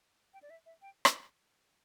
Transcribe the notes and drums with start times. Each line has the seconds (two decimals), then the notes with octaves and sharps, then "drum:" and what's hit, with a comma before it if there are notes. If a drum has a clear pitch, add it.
0.34 G5
0.43 D5
0.50 E5
0.66 E5
0.82 G5
1.05 drum: rim click